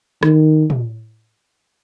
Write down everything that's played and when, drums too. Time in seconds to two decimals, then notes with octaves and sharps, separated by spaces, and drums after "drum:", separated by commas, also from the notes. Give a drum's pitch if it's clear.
0.23 D#3, drum: rim click
0.70 drum: tom